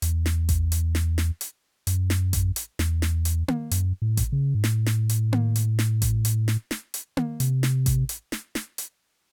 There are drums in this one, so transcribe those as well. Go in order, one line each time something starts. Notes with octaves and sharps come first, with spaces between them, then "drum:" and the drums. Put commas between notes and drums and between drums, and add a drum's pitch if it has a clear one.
E2, drum: hi-hat
drum: snare
drum: kick A1, hi-hat
drum: hi-hat
drum: snare
drum: snare
drum: hi-hat
F#2, drum: hi-hat
drum: snare
drum: kick A1, hi-hat
drum: hi-hat
E2, drum: snare
drum: snare
drum: hi-hat
drum: tom A#3
F#2, drum: hi-hat
A2
drum: kick A1, hi-hat
C#3
G#2
A2, drum: snare
drum: snare
drum: hi-hat
drum: tom A#3
drum: hi-hat
drum: snare
drum: kick A1, hi-hat
drum: hi-hat
drum: snare
drum: snare
drum: hi-hat
drum: tom A#3
C3, drum: hi-hat
drum: snare
drum: kick A1, hi-hat
drum: hi-hat
drum: snare
drum: snare
drum: hi-hat